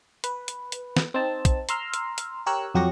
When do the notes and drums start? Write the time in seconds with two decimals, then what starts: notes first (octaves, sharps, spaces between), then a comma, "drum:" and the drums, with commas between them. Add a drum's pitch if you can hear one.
0.24 B4, drum: hi-hat
0.48 drum: hi-hat
0.72 drum: hi-hat
0.97 drum: snare
1.14 C4 D#4 A5
1.45 drum: kick, hi-hat
1.69 A#5 C6 E6 F6, drum: hi-hat
1.94 drum: hi-hat
2.18 drum: hi-hat
2.46 G4 A#4 C#5 E6 F#6
2.75 F2 F#3 G4 F#5 C#6 A#6